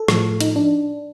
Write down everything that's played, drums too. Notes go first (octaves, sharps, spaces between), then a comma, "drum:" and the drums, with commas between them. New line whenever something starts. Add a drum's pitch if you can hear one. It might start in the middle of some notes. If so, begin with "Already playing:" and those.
Already playing: A4
A2 F3, drum: rim click
D#4, drum: hi-hat
D4